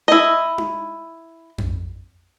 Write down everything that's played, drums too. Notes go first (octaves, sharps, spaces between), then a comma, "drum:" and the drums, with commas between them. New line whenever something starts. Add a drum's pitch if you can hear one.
E4 D#5
drum: tom D#4
drum: tom F2